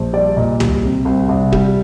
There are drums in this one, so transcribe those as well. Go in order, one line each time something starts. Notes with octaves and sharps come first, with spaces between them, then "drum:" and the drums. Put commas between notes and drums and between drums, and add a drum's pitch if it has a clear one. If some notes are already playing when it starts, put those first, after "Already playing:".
Already playing: A#1
G3 D5
A#2 D#5
G3, drum: tom
C3
C2
C2
G3, drum: kick